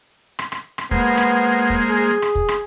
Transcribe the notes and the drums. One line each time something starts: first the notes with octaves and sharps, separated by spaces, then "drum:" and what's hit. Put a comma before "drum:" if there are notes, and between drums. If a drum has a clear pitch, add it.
drum: rim click
drum: rim click
drum: rim click
G#3 A#3 B3 C5, drum: kick
drum: rim click
drum: kick
G#4
drum: rim click
drum: kick
drum: rim click